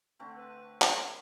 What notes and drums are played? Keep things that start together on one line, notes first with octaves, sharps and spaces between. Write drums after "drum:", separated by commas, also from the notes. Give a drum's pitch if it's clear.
D3 A3 C4
B4
A#3 C#5, drum: clap